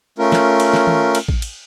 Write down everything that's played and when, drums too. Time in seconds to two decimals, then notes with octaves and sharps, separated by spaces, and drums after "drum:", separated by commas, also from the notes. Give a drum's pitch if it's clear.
0.18 A3 C#4 F4 A#4
0.32 drum: snare
0.60 drum: cymbal
0.73 drum: snare
0.87 drum: tom D#3
1.15 drum: cymbal
1.28 drum: kick A1
1.42 drum: cymbal